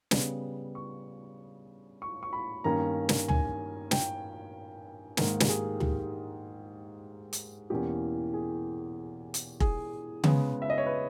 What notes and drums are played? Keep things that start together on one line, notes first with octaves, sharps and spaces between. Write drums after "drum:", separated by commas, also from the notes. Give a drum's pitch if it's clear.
C#3 G3 B3, drum: snare
C#6
C#6
C#6
B5
G2 D#3 A#3 C#4 A#5
drum: snare
G#5, drum: tom
G5, drum: snare
G#2 D#3 A#3 A#4, drum: snare
G4, drum: snare
G#4
G4, drum: tom
drum: hi-hat
E2 B2 A#3 C#4 G4
G#4
drum: hi-hat
G#4, drum: kick F1
C#3 G#3 B3, drum: tom C#3
E5
D#5
C#5
B4